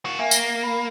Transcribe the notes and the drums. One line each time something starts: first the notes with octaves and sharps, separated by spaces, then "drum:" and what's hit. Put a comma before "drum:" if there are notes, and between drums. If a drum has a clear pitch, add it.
A#3 F#4
A#3 E5 G5 G#5
A#6 C7 G7, drum: tambourine
B5